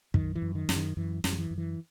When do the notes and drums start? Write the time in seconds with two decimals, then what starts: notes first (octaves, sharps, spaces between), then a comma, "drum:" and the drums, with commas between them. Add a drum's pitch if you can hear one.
0.14 F#2 D#3, drum: kick
0.35 E3
0.42 F#2
0.55 D#3
0.69 F#2, drum: snare
0.76 D#3
0.97 F#2 E3
1.24 F#2, drum: snare
1.32 F#3
1.38 E3
1.51 F#2
1.58 E3